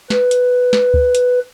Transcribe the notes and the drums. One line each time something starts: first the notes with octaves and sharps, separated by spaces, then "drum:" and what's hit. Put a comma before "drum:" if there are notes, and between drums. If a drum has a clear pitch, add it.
B4, drum: snare
drum: hi-hat
drum: snare
drum: kick D2
drum: hi-hat